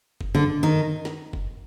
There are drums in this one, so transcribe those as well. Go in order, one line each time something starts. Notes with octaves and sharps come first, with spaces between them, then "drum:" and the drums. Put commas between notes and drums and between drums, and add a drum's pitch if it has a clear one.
drum: kick
D3
D#3
drum: snare
drum: kick